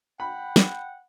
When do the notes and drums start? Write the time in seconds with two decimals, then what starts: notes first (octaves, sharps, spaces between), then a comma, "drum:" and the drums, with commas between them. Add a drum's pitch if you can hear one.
0.20 F#5 G5 B5
0.56 drum: snare